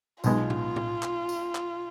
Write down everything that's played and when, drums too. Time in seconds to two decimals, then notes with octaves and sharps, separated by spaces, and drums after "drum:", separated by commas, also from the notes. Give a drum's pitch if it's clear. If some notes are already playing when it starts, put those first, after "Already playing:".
0.24 B1 B2 G#3 B3 F4, drum: tambourine
0.50 drum: tom A2
0.76 drum: tom A2
1.03 drum: clap
1.29 drum: tambourine
1.55 drum: clap